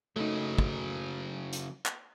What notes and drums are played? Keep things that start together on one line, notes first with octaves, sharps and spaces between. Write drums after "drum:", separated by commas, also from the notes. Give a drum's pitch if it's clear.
C#3 F#3 A3 D#4
drum: kick
drum: hi-hat
drum: clap